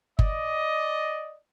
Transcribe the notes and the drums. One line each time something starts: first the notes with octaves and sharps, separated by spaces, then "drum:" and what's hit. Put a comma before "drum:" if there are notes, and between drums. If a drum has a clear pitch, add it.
D5 D#5, drum: kick G1